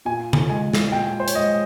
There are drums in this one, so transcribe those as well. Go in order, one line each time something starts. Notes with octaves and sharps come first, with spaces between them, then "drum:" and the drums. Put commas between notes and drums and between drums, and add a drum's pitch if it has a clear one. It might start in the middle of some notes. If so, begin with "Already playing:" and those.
A#2 G#5
drum: tom C#3
G#3 G#5
drum: snare
A#2 G5
C5
C#5, drum: hi-hat
G#3 D#5